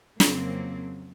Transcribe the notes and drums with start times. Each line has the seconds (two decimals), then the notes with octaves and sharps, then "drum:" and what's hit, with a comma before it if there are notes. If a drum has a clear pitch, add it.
0.20 F2 C#3 F#3 A#3 C4, drum: snare